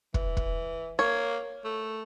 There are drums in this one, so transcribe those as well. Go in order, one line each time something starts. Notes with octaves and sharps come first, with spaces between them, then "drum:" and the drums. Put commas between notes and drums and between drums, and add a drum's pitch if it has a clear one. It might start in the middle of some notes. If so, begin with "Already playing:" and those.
E3, drum: kick
drum: kick
A#3 C#5
A3